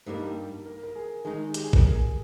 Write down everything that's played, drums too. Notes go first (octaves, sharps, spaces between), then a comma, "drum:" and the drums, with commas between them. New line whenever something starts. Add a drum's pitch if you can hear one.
G2 G3 A#3 D#4
G4
A#4
A#4
G#4
D#3 G#3 D#4 G#4
G4, drum: hi-hat
G#4
A#4, drum: kick
G#4